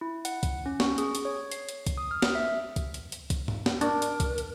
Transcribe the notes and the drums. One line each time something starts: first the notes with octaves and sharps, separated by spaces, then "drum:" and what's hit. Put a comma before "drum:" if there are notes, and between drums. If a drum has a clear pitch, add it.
E4
F#5, drum: hi-hat
drum: kick, hi-hat
C#4
C#6, drum: snare
G#4, drum: hi-hat
drum: hi-hat
C#5
C7, drum: hi-hat
drum: hi-hat
drum: kick, hi-hat
D#6
F6
drum: snare
E5
drum: kick, hi-hat
drum: hi-hat
drum: hi-hat
drum: kick, hi-hat
drum: tom G#2
drum: snare
D4 A#4, drum: hi-hat
drum: hi-hat
drum: kick, hi-hat
drum: hi-hat